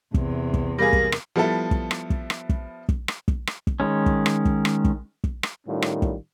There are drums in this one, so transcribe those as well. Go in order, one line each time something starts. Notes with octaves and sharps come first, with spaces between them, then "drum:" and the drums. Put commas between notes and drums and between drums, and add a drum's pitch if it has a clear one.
E2 C3, drum: kick
drum: kick
G3 A#3 G#4 A#4 A#6
drum: kick
drum: rim click
F3 G3 B3 E4 A4
drum: kick
drum: rim click
drum: kick
drum: rim click
drum: kick
drum: kick
drum: rim click
drum: kick
drum: rim click
drum: kick
D#3 G#3 C#4
drum: kick
drum: rim click
drum: kick
drum: rim click
drum: kick
drum: kick
drum: rim click
A2 D#3 G3 C#4 F4
drum: rim click
drum: kick